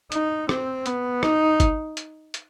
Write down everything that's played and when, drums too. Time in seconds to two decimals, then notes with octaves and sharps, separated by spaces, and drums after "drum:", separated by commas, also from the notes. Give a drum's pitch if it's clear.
0.12 D#4, drum: hi-hat
0.49 C4, drum: rim click
0.86 B3, drum: hi-hat
1.23 D#4, drum: rim click
1.60 drum: kick, hi-hat
1.97 drum: hi-hat
2.34 drum: hi-hat